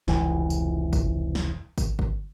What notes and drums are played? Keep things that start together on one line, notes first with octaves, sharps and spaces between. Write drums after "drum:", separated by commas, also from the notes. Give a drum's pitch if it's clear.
F1 C#2 E3, drum: snare
drum: tambourine
drum: kick, tambourine
drum: snare
drum: kick, tambourine
drum: kick